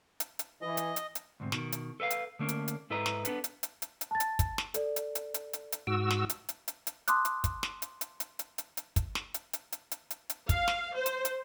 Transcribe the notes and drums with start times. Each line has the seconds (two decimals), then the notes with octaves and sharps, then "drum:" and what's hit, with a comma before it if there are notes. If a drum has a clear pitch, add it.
0.20 drum: hi-hat
0.39 drum: hi-hat
0.62 E3 D#5
0.77 drum: hi-hat
0.96 drum: hi-hat
1.15 drum: hi-hat
1.40 D2 G#2 C3
1.52 B2 D#3, drum: snare
1.72 drum: hi-hat
2.00 A4 B4 E5 F5
2.10 drum: hi-hat
2.39 D3 A3 A#3 C#4
2.49 drum: hi-hat
2.68 drum: hi-hat
2.90 G#2 E4 A4 B4 D#5 A#5
3.06 drum: snare
3.25 B3 D4 A4 B4, drum: hi-hat
3.44 drum: hi-hat
3.63 drum: hi-hat
3.82 drum: hi-hat
4.01 drum: hi-hat
4.11 A5 A6
4.20 drum: hi-hat
4.39 drum: kick, hi-hat
4.58 drum: snare
4.74 A4 D5, drum: hi-hat
4.96 drum: hi-hat
5.15 drum: hi-hat
5.34 drum: hi-hat
5.53 drum: hi-hat
5.72 drum: hi-hat
5.87 G#2 F#4 E6 D7
6.10 drum: snare
6.30 drum: hi-hat
6.49 drum: hi-hat
6.68 drum: hi-hat
6.87 drum: hi-hat
7.08 A5 C6 D6 D#6 F#6, drum: hi-hat
7.25 drum: hi-hat
7.44 drum: kick, hi-hat
7.63 drum: snare
7.82 drum: hi-hat
8.01 drum: hi-hat
8.20 drum: hi-hat
8.39 drum: hi-hat
8.58 drum: hi-hat
8.77 drum: hi-hat
8.96 drum: kick, hi-hat
9.15 drum: snare
9.34 drum: hi-hat
9.53 drum: hi-hat
9.72 drum: hi-hat
9.91 drum: hi-hat
10.10 drum: hi-hat
10.30 drum: hi-hat
10.49 F5, drum: kick, hi-hat
10.68 drum: snare
10.96 C5
11.06 drum: hi-hat
11.25 drum: hi-hat